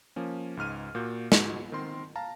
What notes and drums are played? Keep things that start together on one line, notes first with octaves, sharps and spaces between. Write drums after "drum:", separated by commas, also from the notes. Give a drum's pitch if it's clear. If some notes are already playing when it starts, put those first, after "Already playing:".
F3 A#3 C#4
C#2 G#2 F6 D#7
A#2 A#3 F#4 G6
G#2 F#4, drum: snare
D#3 C4 A#4 C6
F5 A5 A#5